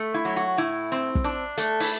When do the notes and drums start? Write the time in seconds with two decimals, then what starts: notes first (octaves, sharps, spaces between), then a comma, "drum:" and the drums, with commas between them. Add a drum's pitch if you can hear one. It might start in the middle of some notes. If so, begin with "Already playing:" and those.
Already playing: A3
0.14 E4
0.25 F#3
0.36 F#4
0.58 A2 E4
0.92 C4
1.15 drum: kick
1.24 D4
1.58 A3, drum: hi-hat
1.80 E4, drum: open hi-hat